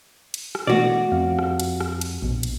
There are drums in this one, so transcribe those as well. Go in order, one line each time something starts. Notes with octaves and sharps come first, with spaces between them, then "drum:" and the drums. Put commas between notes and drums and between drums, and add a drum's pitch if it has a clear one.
drum: cymbal
drum: rim click
B2 E3 A3 F#4 D5
F2 F5
drum: rim click
drum: cymbal
drum: rim click
drum: cymbal
A#1 B2
drum: cymbal